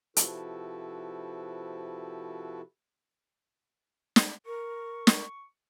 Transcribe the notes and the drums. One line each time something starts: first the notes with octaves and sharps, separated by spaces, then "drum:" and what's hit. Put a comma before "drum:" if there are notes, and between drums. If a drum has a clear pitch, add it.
C3 F3 E4 F#4 A4 B4, drum: hi-hat
drum: snare
A#4 C#6
drum: snare